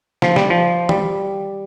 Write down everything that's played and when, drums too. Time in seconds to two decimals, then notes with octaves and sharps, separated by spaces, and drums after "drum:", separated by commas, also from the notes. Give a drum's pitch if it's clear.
0.22 F3, drum: snare
0.36 G3, drum: snare
0.50 F3
0.89 G3, drum: tom D#3